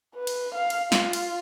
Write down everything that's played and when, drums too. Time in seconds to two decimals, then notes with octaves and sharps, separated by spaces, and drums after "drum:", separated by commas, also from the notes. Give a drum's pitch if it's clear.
0.15 B4
0.27 drum: cymbal
0.54 F5
0.70 drum: cymbal
0.92 F4, drum: snare
1.13 drum: cymbal